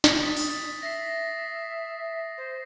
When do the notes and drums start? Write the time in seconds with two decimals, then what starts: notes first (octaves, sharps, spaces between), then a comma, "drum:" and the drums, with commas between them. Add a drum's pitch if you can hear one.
0.04 drum: snare
0.23 D#6 A6 B6
0.37 drum: open hi-hat
0.82 E5 A#6 C7
2.37 C5